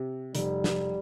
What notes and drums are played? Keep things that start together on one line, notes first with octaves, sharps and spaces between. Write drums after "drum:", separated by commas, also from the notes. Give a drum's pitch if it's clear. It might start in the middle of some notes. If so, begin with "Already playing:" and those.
Already playing: C3
F1 G3, drum: hi-hat
drum: snare